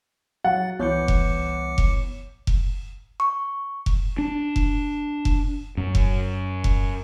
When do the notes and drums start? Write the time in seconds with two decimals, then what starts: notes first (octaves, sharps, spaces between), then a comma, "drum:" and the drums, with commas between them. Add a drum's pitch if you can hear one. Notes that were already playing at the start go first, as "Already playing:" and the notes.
0.45 F#3 F#5 A6
0.79 C2 E3 B3 C#5 D6 G6 C#7
1.08 drum: kick F1
1.78 drum: kick F1
2.47 drum: kick F1
3.20 C#6
3.86 drum: kick F1
4.18 D4
4.56 drum: kick F1
5.25 drum: kick F1
5.77 F#2
5.95 drum: kick F1
6.64 drum: kick F1